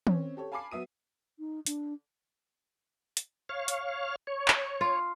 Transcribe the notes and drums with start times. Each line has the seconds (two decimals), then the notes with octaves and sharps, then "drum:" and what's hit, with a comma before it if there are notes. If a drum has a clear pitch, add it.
0.07 C4 C#4 C#5, drum: tom
0.37 G4 A4 C#5
0.52 F5 G#5 A5 B5 D6 C7
0.71 F#3 B3 E5 D#6 D#7
1.39 D#4
1.66 D4, drum: hi-hat
3.17 drum: hi-hat
3.49 C#5 F5
3.68 drum: hi-hat
4.27 C#5
4.48 drum: clap
4.81 F4